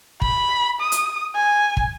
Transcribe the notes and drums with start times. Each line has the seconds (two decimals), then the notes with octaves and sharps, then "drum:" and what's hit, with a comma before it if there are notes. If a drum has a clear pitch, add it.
0.22 B5, drum: kick
0.81 D#6
0.92 drum: hi-hat
1.36 G#5
1.77 drum: kick